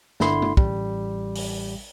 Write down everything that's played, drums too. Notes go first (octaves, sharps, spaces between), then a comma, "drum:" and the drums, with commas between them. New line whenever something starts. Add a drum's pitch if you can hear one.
G1 D3 E4 B5 C6, drum: snare
drum: tom
A1 G3, drum: kick
drum: open hi-hat